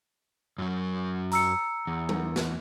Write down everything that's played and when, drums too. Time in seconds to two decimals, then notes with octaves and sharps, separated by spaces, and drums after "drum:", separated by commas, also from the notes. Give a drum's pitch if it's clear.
0.58 F#2 F#3
1.32 A#5 E6 C#7, drum: hi-hat
1.87 E2
2.09 drum: tom F#3
2.36 drum: snare